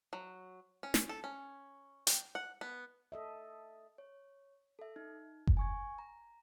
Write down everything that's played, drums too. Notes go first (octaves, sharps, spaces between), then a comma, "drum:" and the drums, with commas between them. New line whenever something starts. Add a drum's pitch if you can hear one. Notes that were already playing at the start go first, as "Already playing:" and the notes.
F#3
C#4
drum: snare
A4
C#4
G5, drum: hi-hat
F#5
B3
A4 D#5 E5
C#5
A4 E5
D#4
drum: kick F#1
G#5 C#6 G#6
A#5